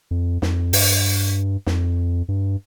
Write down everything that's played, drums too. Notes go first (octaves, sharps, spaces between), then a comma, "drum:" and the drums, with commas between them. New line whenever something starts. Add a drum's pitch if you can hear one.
F2
F2, drum: snare
G2, drum: open hi-hat
F2, drum: snare
G2